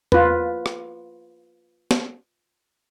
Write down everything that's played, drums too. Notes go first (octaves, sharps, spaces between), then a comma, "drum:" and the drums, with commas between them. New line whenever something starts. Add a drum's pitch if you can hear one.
F4 B4, drum: tom E2
drum: rim click
drum: snare